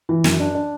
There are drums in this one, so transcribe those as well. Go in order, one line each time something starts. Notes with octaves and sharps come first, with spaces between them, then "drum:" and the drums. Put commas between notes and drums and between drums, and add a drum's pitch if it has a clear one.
E3
F#2, drum: snare
D4
D4